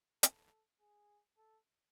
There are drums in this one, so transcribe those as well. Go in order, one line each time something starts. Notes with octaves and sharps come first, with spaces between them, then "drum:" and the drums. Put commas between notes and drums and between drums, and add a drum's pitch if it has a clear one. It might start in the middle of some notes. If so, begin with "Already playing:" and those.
A4, drum: hi-hat
G#4
A4